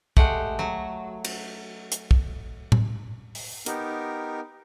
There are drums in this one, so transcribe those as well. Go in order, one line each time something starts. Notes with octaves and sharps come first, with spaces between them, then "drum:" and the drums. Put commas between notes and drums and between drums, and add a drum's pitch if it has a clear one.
G#3 A3 G4 F#5, drum: kick
F#3
drum: cymbal
drum: hi-hat
drum: kick
drum: tom A2
drum: open hi-hat
B3 D#4 G4 A#4, drum: hi-hat